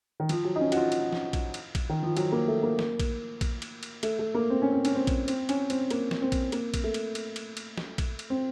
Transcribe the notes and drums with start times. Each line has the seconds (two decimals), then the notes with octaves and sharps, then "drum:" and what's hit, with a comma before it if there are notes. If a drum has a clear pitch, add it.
0.20 D#3
0.29 F3, drum: cymbal
0.45 F#3
0.56 D#4
0.61 C#4
0.72 F#4, drum: cymbal
0.77 F4
0.92 drum: cymbal
1.13 drum: snare
1.33 drum: kick A#1, cymbal
1.54 drum: cymbal
1.75 drum: kick A#1, cymbal
1.89 D#3
2.03 F3
2.17 F#3, drum: cymbal
2.32 A#3
2.48 A3
2.63 A#3
2.79 drum: snare
3.00 drum: kick A#1, cymbal
3.41 drum: kick A#1, cymbal
3.62 drum: cymbal
3.83 drum: cymbal
4.03 A3, drum: cymbal
4.19 A3
4.34 A#3
4.50 C4
4.62 C#4
4.72 C4
4.85 C#4, drum: cymbal
4.95 C4
5.07 drum: kick A#1, cymbal
5.28 C4, drum: cymbal
5.49 C#4, drum: cymbal
5.70 C4, drum: cymbal
5.90 A#3, drum: cymbal
6.11 drum: snare
6.22 C4
6.32 drum: kick A#1, cymbal
6.52 A#3, drum: cymbal
6.74 drum: kick A#1, cymbal
6.84 A3
6.94 drum: cymbal
7.15 drum: cymbal
7.36 drum: cymbal
7.57 drum: cymbal
7.77 drum: snare
7.98 drum: kick A#1, cymbal
8.19 drum: cymbal
8.30 C4